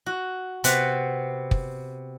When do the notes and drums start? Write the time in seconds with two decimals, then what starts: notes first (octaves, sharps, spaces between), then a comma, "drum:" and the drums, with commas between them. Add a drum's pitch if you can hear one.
0.06 F#4
0.64 C3 B3 C4 F#5 B5, drum: hi-hat
1.51 drum: kick